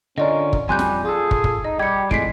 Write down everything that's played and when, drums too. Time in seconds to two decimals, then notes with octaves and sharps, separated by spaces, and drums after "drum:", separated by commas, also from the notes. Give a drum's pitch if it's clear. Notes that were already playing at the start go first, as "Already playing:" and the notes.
0.18 D3 C#4 F4 A#4 D5 D#5
0.53 drum: kick
0.69 F2 G3 G#5 C6 F#6 G6
0.79 drum: snare
1.05 F4 G#4 A4
1.31 drum: kick
1.44 drum: kick
1.65 D#4 D#5
1.79 G3 G4 G#6 C#7
2.11 F2 A2 G#3 B6 C7 D7, drum: kick